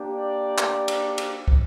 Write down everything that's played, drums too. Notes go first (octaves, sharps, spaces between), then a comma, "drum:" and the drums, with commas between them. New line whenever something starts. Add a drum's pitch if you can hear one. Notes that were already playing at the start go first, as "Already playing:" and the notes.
Already playing: A#3 D4 G4
D5
drum: clap
drum: cymbal
drum: cymbal
drum: kick